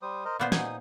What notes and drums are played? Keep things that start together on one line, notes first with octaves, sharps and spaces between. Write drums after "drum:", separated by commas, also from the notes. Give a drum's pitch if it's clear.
G3 C5 D#6
A#4 C5 D#5
A#2 B3 C5 D5 F5 B5
D#4 G#5 D#6, drum: snare